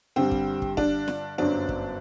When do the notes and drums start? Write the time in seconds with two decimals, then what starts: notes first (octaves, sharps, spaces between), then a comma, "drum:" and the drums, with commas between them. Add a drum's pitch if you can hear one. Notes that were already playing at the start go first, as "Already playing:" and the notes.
0.16 G2 D3 G3 C4
0.31 drum: kick
0.62 drum: kick
0.77 D4, drum: kick
1.08 drum: snare
1.38 G1 F#2 F#3 C4 D4
1.69 drum: kick